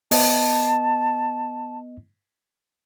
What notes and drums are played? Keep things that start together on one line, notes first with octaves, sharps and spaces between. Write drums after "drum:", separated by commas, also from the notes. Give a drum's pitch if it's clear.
B3 D#5 A5, drum: open hi-hat